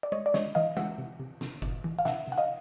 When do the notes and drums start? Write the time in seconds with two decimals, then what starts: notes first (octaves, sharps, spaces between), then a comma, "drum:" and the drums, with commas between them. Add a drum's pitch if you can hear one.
0.03 D5
0.12 G#3 C#5 D#5
0.26 D5
0.34 G#3 C#5 D#5, drum: snare
0.55 E3 D#5 F5
0.77 G#3 E5 F#5, drum: tom E3
0.98 C3
1.20 C3
1.41 C3, drum: snare
1.62 C3, drum: kick F#1
1.84 E3
1.99 F5
2.05 C3 E5 F#5, drum: snare
2.27 C3 F#5
2.38 D#5 F5